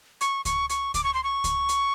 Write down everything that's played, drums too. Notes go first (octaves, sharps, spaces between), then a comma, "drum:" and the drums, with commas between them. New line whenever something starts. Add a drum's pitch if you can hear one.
C#6, drum: hi-hat
C#6, drum: kick C#2, hi-hat
C#6, drum: hi-hat
D6, drum: kick C#2, hi-hat
C#6
C6
C#6
drum: kick C#2, hi-hat
drum: hi-hat